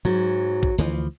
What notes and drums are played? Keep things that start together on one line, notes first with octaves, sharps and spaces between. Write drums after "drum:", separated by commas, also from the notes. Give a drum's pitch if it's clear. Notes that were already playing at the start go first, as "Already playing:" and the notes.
G#2 F#3
drum: kick A1
D2 E3 F3